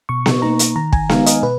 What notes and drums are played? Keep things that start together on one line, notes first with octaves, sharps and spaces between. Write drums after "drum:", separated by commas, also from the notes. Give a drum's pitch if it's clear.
B2 C#6
drum: snare B3
A#3 D#4 A#5
drum: hi-hat
D#3 A#5
G#5, drum: kick
G#3 B3 D#4 F5, drum: snare B3
D#5, drum: hi-hat
B2 B4